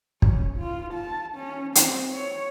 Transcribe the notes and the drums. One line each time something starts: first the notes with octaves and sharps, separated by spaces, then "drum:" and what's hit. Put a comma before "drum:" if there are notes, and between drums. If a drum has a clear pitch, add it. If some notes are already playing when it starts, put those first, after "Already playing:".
C#4, drum: kick
F4
A5
C#4
C4, drum: hi-hat
C#5